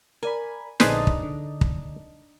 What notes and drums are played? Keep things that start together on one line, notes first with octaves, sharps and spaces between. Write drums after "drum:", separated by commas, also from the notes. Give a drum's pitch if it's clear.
A#4 D5 G#5 B5
A#1 D3 D4 D#4 G#4 B4 C5 A6, drum: snare
drum: kick
D3
drum: kick